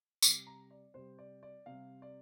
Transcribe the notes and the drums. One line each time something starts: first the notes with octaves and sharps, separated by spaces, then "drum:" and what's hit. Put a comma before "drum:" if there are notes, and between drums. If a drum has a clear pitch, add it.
C3 G3 D6, drum: tambourine
A#5
D5
C3 G3 C5
D5
D5
C3 G3 F5
D5